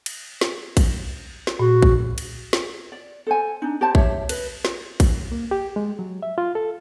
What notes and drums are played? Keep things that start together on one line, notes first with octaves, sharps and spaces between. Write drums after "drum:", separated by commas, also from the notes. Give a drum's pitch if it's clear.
drum: cymbal
drum: snare
drum: kick A#1, cymbal
drum: snare
A#2 F#4
drum: kick A#1
drum: cymbal
drum: snare
D5
A4 C5 G#5
D4 D#4
G4 C5 A5
G4 C#5 E5, drum: kick A#1
B4, drum: cymbal
drum: snare
drum: kick A#1, cymbal
A#3
G4
G#3
F#3
E5
F4
A4